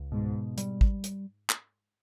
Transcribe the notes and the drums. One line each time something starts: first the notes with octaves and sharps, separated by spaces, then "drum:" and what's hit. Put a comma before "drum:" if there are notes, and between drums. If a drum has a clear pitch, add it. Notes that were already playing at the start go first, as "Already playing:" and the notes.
Already playing: C#2
G#2 B2
G3, drum: hi-hat
drum: kick
drum: hi-hat
drum: clap